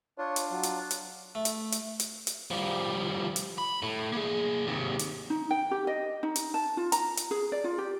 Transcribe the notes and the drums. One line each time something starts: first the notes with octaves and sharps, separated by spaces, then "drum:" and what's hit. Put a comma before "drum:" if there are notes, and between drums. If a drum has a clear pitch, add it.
D4 F4 C#5
drum: hi-hat
F#3
drum: hi-hat
drum: hi-hat
A3
drum: hi-hat
drum: hi-hat
drum: hi-hat
drum: hi-hat
F3 G3
drum: hi-hat
B5
A2
A#3 G#4
D#2 C3
drum: hi-hat
D#4
G5
G4
D#5
D#4
drum: hi-hat
A5
F4
A#5, drum: hi-hat
drum: hi-hat
G#4
D5
F4
G4